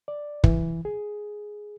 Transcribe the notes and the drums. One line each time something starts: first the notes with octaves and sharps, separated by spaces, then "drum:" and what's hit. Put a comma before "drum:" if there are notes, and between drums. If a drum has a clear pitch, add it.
D5
E3, drum: kick
G#4